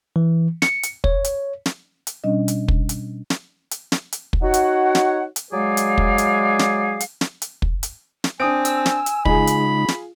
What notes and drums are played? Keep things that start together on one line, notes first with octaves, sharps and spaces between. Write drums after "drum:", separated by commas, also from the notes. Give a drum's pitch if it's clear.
E3
C#7, drum: snare
drum: hi-hat
C#5, drum: kick
drum: hi-hat
drum: snare
drum: hi-hat
B2 G3 C#4 D4 D#5
drum: hi-hat
drum: kick
drum: hi-hat
drum: snare
drum: hi-hat
drum: snare
drum: hi-hat
drum: kick
D#4 F#4 C#5 F#5
drum: hi-hat
drum: snare
drum: hi-hat
F#3 G#3 G#4 D5 F5
drum: hi-hat
drum: kick
drum: hi-hat
drum: snare
drum: hi-hat
drum: snare
drum: hi-hat
drum: kick
drum: hi-hat
drum: snare
C4 D4 G#5 D#6 D7
E6, drum: hi-hat
drum: snare
drum: hi-hat
C#3 G#3 D#4 F4 G#4 B5, drum: kick
drum: hi-hat
drum: snare